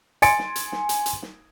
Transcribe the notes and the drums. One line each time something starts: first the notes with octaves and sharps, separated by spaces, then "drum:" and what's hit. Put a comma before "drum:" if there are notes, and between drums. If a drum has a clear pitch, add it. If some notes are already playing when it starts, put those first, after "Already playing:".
G#5 C6 A6 C#7 D7, drum: hi-hat
drum: snare
drum: hi-hat
drum: snare
drum: hi-hat
drum: hi-hat
drum: snare